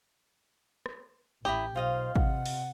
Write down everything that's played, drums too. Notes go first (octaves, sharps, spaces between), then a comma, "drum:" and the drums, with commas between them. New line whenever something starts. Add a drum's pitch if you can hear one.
drum: rim click
A1 E4 G4 A#5 D#6
B1 F4 C5 D#5 F5
C3 F#5, drum: kick
drum: open hi-hat